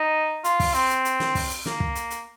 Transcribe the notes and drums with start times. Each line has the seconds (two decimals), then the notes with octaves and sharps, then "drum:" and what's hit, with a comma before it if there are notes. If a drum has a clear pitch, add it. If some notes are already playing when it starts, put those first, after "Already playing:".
Already playing: D#4
0.44 F4, drum: hi-hat
0.60 drum: kick, open hi-hat
0.74 C4, drum: hi-hat
0.90 drum: hi-hat
1.05 drum: hi-hat
1.20 drum: snare
1.35 drum: kick, open hi-hat
1.50 drum: hi-hat
1.66 A#3, drum: snare
1.80 drum: kick
1.95 drum: hi-hat
2.10 drum: hi-hat